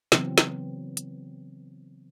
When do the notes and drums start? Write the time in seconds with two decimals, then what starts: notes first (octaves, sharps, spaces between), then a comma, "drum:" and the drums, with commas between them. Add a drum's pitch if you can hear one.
0.12 C#3 E3 F#3 B3 C4, drum: snare
0.38 drum: snare
0.97 drum: hi-hat